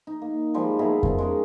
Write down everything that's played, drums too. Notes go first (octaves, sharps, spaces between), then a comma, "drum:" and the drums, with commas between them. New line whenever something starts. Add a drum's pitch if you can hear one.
D#4
A#3
D#3 F3 G3 G#3
B2 E4 G#4 A#4
F3, drum: kick F2
G#3 C#4 D#4